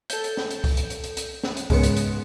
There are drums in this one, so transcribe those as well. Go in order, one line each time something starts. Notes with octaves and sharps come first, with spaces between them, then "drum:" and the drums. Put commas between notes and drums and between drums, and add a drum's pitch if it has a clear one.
A4 G6, drum: hi-hat
drum: hi-hat
drum: snare
drum: hi-hat
drum: kick C2, open hi-hat
drum: hi-hat
drum: hi-hat
drum: hi-hat
drum: hi-hat
drum: snare
drum: hi-hat
G#2 C#3 G#3 B3 C#7, drum: kick C2, open hi-hat
drum: hi-hat
drum: hi-hat